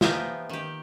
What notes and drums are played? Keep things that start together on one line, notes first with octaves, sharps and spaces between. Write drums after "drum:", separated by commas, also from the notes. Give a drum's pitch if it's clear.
E3 F3 A#3 B3 D#4 G4, drum: snare
D#3 G4